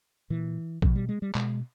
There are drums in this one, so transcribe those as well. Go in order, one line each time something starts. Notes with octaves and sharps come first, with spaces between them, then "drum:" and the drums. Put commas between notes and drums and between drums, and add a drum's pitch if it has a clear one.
A#2 E3
B2 F3, drum: kick
G3
G#3
G3
B2 G#3, drum: clap